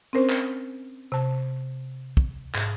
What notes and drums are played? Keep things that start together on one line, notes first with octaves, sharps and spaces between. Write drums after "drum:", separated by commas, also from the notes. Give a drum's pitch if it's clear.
C4 C#4 A#4 C5
drum: clap
C3 A5
drum: kick
G#2, drum: clap